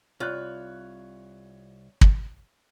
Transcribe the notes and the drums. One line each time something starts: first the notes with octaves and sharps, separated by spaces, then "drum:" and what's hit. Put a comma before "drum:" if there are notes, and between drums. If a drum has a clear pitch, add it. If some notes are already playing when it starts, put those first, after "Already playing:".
C2 F4 C#5 F#6
drum: kick